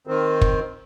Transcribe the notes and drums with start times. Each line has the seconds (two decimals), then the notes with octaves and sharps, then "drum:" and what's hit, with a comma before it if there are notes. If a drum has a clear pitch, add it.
0.07 D#3 C4
0.41 drum: kick